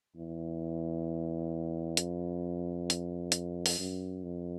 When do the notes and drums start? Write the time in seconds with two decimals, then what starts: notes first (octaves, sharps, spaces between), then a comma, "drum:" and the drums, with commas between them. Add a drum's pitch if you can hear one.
0.16 E2
1.97 F2, drum: hi-hat
2.90 drum: hi-hat
3.32 drum: hi-hat
3.66 drum: open hi-hat
3.78 F#2
4.23 F2